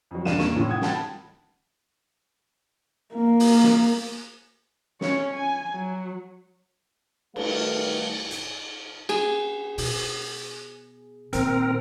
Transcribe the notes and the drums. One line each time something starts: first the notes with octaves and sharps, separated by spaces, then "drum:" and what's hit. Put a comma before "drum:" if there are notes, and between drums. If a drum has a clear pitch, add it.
F2 F#3
E1 G2 D4 F5 D#7 E7, drum: snare
E1 A#3 C#6, drum: snare
F1 A2 C#4 F4
F#5 G5 D#6 G#6
F#5 G5 A5 B5 A6, drum: snare
A#3
drum: open hi-hat
drum: snare
C#4 C#5, drum: snare
G#5
F#3
D#3 G3 A3 F#4 B4 F5, drum: cymbal
drum: hi-hat
G#4, drum: cymbal
B2, drum: open hi-hat
A#2 D#3 C4 A#4, drum: hi-hat